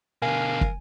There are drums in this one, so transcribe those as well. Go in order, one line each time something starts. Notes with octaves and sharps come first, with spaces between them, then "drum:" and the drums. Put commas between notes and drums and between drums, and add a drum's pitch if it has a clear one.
B2 D3 A#4 F5 G#5
drum: kick